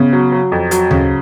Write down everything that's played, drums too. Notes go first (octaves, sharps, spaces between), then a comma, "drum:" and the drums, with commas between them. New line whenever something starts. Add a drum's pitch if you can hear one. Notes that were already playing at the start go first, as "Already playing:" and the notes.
Already playing: C#3 B3
F#3
F#3
F2
F#3, drum: hi-hat
C#3, drum: tom D2